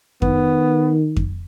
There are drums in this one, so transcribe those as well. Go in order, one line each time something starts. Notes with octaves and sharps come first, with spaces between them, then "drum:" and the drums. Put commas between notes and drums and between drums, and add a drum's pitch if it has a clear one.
D#3 B3, drum: kick F2
drum: kick F2